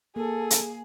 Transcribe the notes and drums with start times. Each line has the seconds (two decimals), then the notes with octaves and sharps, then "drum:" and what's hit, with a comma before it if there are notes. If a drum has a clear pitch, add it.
0.16 A#3 G#4 A4
0.50 drum: hi-hat